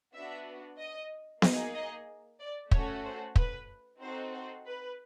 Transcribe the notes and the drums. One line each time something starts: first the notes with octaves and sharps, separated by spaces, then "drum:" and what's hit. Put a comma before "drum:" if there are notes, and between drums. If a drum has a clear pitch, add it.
B3 D4 F#4 E5
D#5
A#3 D#4 G#4 D#5, drum: snare B3
D#5
D5
A3 C#4 F#4 A4 C#5, drum: kick
C5
B4, drum: kick
C4 D#4 F#4 A4 C5
C5
B4